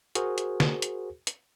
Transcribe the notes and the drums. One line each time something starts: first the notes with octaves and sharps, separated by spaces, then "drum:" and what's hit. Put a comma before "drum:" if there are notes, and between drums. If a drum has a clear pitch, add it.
F#4 G#4 A#4 C5, drum: hi-hat
drum: hi-hat
drum: snare
drum: hi-hat
drum: hi-hat